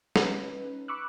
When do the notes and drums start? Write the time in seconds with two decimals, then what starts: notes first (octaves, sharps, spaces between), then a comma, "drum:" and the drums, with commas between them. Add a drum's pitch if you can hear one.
0.16 C#4 D#4 B4, drum: snare
0.88 B5 C#6 D6 E6 F#6